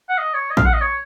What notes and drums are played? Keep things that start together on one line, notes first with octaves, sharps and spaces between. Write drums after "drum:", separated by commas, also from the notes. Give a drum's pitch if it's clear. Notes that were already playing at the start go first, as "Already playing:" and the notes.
F#5
D#5
C#5
D#5
F5, drum: kick
F#5
D#5
C#5